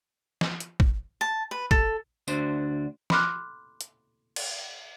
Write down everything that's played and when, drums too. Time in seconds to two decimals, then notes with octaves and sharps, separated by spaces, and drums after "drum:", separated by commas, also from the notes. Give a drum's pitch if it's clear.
0.41 drum: snare
0.60 drum: hi-hat
0.80 drum: kick
1.21 A5
1.51 B4
1.71 A4, drum: kick
2.28 D2 D4 F#4 C5, drum: tambourine
3.10 B5 C6 D6 F6 F#6, drum: snare
3.81 drum: hi-hat
4.36 drum: cymbal